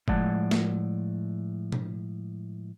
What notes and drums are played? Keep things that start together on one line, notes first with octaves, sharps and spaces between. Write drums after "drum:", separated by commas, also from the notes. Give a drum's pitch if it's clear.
A2 F3 G#3 D5 F#5 A5, drum: kick F#1
drum: snare
drum: tom